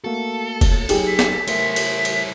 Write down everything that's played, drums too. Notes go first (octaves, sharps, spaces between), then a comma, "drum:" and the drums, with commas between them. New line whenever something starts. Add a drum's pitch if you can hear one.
A3 A#3 F#4 A4
drum: kick, cymbal
F#3 D#4 G4 G#4, drum: cymbal
B6
drum: snare
A3 E4 A#4 C5 E5, drum: cymbal
drum: cymbal
drum: cymbal